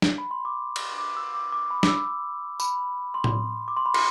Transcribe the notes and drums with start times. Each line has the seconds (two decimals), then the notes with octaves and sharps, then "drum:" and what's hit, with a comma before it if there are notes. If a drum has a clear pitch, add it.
0.02 drum: snare
0.18 B5
0.31 C6
0.45 D6
0.76 drum: cymbal
0.99 D6
1.17 E6
1.34 D6
1.52 D6
1.71 B5
1.83 D6, drum: snare
1.88 E6
2.60 B5, drum: tambourine
3.14 C6
3.24 drum: tom A2
3.68 D6
3.77 C6
3.86 B5
3.94 C6, drum: cymbal